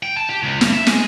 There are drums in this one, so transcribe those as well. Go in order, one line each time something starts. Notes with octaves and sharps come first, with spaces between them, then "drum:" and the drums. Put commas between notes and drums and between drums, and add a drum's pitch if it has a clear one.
G5
A5
G4
C#2
G2, drum: snare
E5
G#3, drum: snare